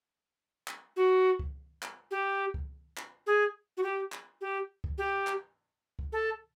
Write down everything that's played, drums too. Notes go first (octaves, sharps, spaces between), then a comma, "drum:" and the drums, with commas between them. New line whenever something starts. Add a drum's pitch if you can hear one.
drum: clap
F#4
drum: kick C#2
drum: clap
G4
drum: kick C#2
drum: clap
G#4
F#4
G4
drum: clap
G4
drum: kick C#2
G4
drum: clap
drum: kick C#2
A4